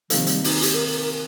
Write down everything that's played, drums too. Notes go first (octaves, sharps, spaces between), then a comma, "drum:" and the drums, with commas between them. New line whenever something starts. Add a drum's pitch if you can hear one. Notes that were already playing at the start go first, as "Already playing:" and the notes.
C3 D#3 F3 A#3, drum: hi-hat
G3, drum: hi-hat
D#4, drum: open hi-hat
G4, drum: hi-hat
A#4
A#4
A#4